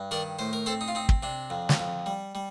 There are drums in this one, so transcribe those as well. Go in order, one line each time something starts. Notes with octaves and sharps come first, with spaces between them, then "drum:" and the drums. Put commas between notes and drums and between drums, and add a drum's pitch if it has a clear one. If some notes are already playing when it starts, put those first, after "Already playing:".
Already playing: G2
D#3 A#4 D5
A2 C5
A#4
C4 A4 C5
D#4
F4
C4 D#4
drum: kick
C3 D4
F2
drum: snare
F2
G3
G3